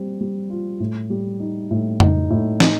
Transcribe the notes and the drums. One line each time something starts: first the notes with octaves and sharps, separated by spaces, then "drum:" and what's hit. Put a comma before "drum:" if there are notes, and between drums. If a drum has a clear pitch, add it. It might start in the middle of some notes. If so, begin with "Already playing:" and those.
Already playing: G3 C4
G3
F4
A2
G3
D#4
A2
D#4, drum: tom F2
A2
D#4, drum: snare